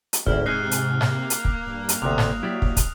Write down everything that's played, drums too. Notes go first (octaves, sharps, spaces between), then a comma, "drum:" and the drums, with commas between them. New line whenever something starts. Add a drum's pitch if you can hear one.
drum: hi-hat
G#1 D2 E4 F6, drum: kick
G#2 C3 D#4 G#4 F6 F#6 C7
drum: hi-hat
A#3, drum: snare G#2
drum: hi-hat
drum: kick
G2
drum: hi-hat
G1 D2 C3 D#6 F#6 F7
drum: snare G#2
F#3 E4 G4 D5
drum: kick
drum: kick, hi-hat